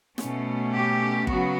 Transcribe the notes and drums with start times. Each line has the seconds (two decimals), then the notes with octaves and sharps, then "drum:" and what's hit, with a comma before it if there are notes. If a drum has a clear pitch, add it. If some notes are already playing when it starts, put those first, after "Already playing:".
0.18 B2 A3 C#4, drum: snare
0.72 G4
1.27 C#3 F#3 B3 F#4, drum: kick G1